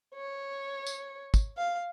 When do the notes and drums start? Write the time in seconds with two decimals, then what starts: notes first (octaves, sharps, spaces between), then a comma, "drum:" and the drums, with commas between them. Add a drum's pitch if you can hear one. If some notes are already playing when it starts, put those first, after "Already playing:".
0.14 C#5
0.86 drum: tambourine
1.34 drum: kick, tambourine
1.57 F5